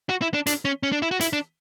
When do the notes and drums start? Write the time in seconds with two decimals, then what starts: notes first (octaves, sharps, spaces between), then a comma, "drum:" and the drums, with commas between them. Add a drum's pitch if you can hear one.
0.09 F#4
0.22 E4
0.34 D4
0.47 D4, drum: hi-hat
0.65 C#4
0.83 C#4
0.92 D4
1.02 E4
1.11 F#4
1.21 E4, drum: hi-hat
1.33 D4